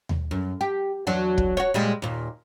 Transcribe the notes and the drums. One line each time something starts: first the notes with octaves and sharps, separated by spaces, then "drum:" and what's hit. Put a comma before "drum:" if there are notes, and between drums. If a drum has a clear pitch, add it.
drum: tom D#2
F#2
G4
E2 F#3 D4
drum: kick
F#4 C#5
A#2 G3 G#3
D#2 A#2